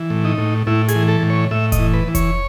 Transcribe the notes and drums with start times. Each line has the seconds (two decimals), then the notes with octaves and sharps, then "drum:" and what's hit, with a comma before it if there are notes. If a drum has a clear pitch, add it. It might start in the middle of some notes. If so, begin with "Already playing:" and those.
Already playing: E3
0.10 A2
0.25 D#4
0.38 A2
0.67 A2 E4
0.88 G#4, drum: hi-hat
0.95 E3
1.08 A4
1.23 A2
1.30 C#5
1.51 A2 E5
1.72 D#5, drum: kick F1, hi-hat
1.79 E3
1.94 B4
2.08 E3
2.15 C#5, drum: kick F1, hi-hat